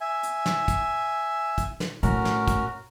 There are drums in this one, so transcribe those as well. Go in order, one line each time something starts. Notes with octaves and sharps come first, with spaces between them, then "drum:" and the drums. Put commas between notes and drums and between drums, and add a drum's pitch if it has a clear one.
E5 G#5
drum: hi-hat
drum: snare
drum: kick, hi-hat
drum: kick, hi-hat
drum: snare
A2 C#4 F#4 A#4, drum: hi-hat
drum: snare
drum: kick, hi-hat